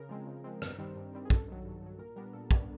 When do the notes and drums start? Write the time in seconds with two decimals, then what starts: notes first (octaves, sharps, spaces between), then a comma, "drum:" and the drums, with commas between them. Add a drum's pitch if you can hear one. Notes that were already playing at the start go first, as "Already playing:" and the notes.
Already playing: C#3 A#4
0.09 F3 G#3 C4
0.27 C#3
0.44 F3 G#3 C4
0.62 G2, drum: rim click
0.78 D#3 G3 C4
0.96 G2
1.13 D#3 G3 C4
1.25 G#4
1.30 G2 A4, drum: kick
1.48 D#3 F#3
1.65 G2
1.82 D#3 F#3
1.99 A#2 A#4
2.16 G3 B3 D4 A#4
2.33 A#2 A4
2.51 G3 B3 D4, drum: kick